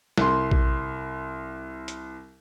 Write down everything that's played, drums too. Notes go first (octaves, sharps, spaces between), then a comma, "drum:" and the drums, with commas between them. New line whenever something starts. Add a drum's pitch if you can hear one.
C2 C6, drum: snare
drum: kick A#1
drum: hi-hat